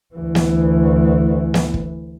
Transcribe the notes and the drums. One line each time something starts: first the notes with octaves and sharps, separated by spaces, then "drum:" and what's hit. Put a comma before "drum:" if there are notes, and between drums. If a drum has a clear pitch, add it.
D2 E3
drum: snare
drum: snare
drum: kick